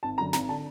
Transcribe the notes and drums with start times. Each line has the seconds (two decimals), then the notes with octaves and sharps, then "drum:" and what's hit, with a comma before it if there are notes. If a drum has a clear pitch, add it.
0.03 G#1 A5
0.18 F#2 D3 A#5
0.33 G#1 A#5, drum: snare
0.49 D3 A5